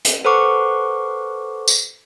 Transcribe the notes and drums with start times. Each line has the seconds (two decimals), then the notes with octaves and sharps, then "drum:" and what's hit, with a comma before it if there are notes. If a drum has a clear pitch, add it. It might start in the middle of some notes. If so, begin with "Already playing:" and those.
0.05 drum: hi-hat
0.25 A4 B4 C5 F#5 C#6 D6
1.68 drum: tambourine